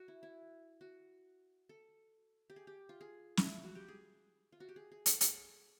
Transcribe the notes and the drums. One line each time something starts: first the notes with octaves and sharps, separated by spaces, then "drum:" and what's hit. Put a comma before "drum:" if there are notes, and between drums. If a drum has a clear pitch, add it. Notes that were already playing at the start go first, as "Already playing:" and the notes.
Already playing: F#4
E4
E4
F#4
A4
G4
G#4
G4
F4
G#4
E4, drum: snare
F4
F#4
G4
G#4
F4
F#4
G4
G#4
G#4
A4, drum: hi-hat
G#4, drum: hi-hat